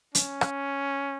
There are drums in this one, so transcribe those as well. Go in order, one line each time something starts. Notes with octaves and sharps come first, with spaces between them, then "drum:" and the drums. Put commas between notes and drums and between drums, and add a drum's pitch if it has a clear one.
C#4, drum: hi-hat
drum: rim click